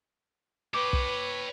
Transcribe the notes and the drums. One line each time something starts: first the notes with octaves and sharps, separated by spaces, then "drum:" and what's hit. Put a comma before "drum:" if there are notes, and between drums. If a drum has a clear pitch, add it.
B4 C#5 G5 D6
drum: kick